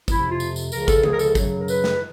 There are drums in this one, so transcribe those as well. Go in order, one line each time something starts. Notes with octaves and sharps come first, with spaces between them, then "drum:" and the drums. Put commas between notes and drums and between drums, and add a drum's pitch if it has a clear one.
F2 C3 F3 E4, drum: kick, tambourine
F4
drum: tambourine
drum: tambourine
C#2 C#3 F3 A#4, drum: tambourine
A4, drum: kick, tambourine
G#4, drum: tom D3
A#4
A4, drum: tambourine
F#2 C#3 F#3, drum: kick, tambourine
A#4
B4, drum: tambourine
drum: snare